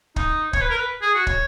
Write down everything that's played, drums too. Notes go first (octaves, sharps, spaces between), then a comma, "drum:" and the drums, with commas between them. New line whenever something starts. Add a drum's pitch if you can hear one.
D#4, drum: kick
C#5, drum: kick
B4
A#4
B4
G#4
F#4
C#5, drum: kick